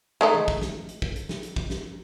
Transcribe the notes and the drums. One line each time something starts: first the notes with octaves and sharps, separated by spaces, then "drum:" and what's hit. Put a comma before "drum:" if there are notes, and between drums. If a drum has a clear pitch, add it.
G#3 A3 D#4
drum: tom D#3
drum: kick
drum: snare
drum: hi-hat
drum: kick
drum: hi-hat
drum: snare
drum: hi-hat
drum: kick
drum: snare